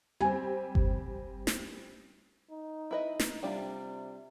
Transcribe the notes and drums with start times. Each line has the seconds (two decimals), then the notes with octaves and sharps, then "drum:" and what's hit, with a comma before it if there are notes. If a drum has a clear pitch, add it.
0.21 G3 C4 G#5
0.75 drum: kick G1
1.47 drum: snare
2.51 D#4
2.91 E4 B4 D#5
3.20 drum: snare
3.43 C3 G3 D4 F4